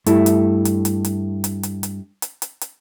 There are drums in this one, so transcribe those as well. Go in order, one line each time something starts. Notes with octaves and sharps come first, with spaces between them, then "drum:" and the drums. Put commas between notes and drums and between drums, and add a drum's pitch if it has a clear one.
G2 A3 E4, drum: hi-hat
drum: hi-hat
drum: hi-hat
drum: hi-hat
drum: hi-hat
drum: hi-hat
drum: hi-hat
drum: hi-hat
drum: hi-hat
drum: hi-hat
drum: hi-hat